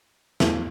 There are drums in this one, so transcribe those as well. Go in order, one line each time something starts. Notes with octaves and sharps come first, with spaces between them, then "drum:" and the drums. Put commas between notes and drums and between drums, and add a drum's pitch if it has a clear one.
E2 E3 A3, drum: snare